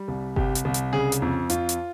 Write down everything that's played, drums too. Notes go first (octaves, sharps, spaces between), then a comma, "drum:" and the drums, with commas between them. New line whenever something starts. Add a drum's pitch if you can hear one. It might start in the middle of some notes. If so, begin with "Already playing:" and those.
Already playing: G3
C2
C2 G4, drum: kick G1
drum: hi-hat
C2
drum: hi-hat
C#3 G#4
drum: hi-hat
F2
F2 F4, drum: hi-hat
drum: hi-hat